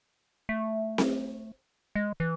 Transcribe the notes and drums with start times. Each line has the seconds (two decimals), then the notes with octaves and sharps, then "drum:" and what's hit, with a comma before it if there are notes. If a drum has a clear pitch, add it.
0.49 A3
0.98 drum: snare C4
1.95 G#3
2.20 E3